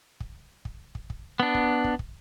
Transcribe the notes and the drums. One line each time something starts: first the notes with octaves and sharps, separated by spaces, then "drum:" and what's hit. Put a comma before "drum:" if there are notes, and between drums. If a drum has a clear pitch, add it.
drum: kick
drum: kick
drum: kick
drum: kick
B3 D4
drum: kick
drum: kick
drum: kick